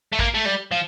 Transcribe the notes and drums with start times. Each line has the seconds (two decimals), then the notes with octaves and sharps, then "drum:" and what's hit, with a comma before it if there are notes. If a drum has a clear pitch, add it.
0.13 A3
0.19 A#3, drum: kick
0.34 A3
0.46 G3
0.72 F3